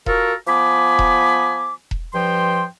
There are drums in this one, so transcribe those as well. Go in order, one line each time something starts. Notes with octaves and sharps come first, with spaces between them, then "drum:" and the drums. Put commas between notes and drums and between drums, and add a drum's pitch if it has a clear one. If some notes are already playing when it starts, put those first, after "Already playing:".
F4 F#4 A4 A#4, drum: kick E1
F3 B3 G#5 B5 D6
drum: kick E1
drum: kick E1
G2 F3 G5 C6